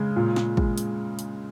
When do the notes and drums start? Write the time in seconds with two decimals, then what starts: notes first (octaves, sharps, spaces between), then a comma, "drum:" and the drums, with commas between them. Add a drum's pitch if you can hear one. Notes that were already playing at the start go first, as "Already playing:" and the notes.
Already playing: C#3 G#3
0.16 A#2
0.36 drum: snare
0.57 G#3, drum: kick
0.78 drum: hi-hat
1.19 drum: hi-hat